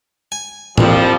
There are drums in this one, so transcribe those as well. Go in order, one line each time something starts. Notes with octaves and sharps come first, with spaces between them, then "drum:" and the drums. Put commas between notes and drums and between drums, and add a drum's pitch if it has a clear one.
G#5
C2 F2 F3 G3, drum: tom